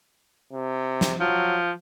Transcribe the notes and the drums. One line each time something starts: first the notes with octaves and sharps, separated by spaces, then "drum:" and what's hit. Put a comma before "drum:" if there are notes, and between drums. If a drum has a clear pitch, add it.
C3
drum: snare
F3 F#3